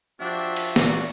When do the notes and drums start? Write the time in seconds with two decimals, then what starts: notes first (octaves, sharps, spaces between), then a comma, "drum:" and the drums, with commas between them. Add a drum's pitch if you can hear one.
0.20 F3 D4 F#4 G4 E5
0.56 drum: cymbal
0.76 E2 A#2 D4 F#4, drum: snare